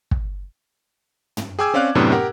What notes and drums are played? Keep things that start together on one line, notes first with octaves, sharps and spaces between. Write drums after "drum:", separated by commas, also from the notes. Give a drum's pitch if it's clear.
drum: kick
drum: tom
G#4 G5 G#5 D6 E6 G#6
C4 C#4 D5 F5 D6 F#6
F#2 A2 C3 B3 D4
G4 A#4 F#5